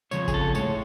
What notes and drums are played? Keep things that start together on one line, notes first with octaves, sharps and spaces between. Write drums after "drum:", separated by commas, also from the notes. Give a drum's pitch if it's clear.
F2 C#3 F3 G#3 C#5, drum: tambourine
G#4, drum: kick G1, tambourine
A4
A2 G#3 C#5, drum: tambourine